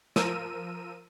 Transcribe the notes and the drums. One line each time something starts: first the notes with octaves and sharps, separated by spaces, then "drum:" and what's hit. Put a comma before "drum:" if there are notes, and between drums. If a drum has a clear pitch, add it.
F3 A#4 E6 D#7, drum: snare